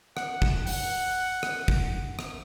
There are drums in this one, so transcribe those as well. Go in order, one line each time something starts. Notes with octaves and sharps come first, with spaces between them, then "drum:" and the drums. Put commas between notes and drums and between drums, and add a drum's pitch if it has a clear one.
F#5, drum: rim click
drum: kick
F#5, drum: open hi-hat
drum: rim click
drum: kick
drum: rim click